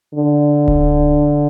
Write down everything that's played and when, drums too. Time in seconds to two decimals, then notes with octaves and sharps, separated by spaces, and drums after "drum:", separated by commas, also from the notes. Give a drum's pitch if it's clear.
0.15 D3
0.68 drum: kick D1